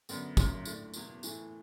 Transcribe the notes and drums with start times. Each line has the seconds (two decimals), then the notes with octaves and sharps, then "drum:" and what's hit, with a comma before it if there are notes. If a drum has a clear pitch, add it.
0.09 F#2 D3 B3 D4, drum: tambourine
0.37 F#1 F#2 F#3, drum: kick, tambourine
0.65 A2 A3 D4, drum: tambourine
0.94 F#1 E2 B2, drum: tambourine
1.23 A2 E3 A3, drum: tambourine